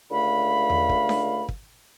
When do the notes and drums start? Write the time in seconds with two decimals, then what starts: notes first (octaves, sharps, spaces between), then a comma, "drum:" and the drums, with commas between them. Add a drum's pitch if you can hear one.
0.10 C#2 D3 A3 F5 B5
0.70 drum: tom E2
0.89 drum: kick
1.09 drum: snare D4
1.49 drum: kick